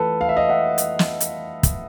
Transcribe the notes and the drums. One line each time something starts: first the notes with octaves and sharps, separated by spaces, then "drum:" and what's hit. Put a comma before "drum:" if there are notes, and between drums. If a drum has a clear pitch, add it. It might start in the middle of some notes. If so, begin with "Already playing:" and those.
Already playing: E3 A3 F4 A4 B4
F5
E5
D#5 F5
E5 F#5
drum: hi-hat
drum: snare
drum: hi-hat
drum: kick, hi-hat